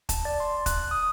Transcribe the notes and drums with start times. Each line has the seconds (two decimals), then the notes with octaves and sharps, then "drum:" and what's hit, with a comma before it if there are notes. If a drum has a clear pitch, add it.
0.09 A5, drum: kick, hi-hat
0.25 D5
0.40 C6
0.66 F#6, drum: kick, hi-hat
0.91 D#6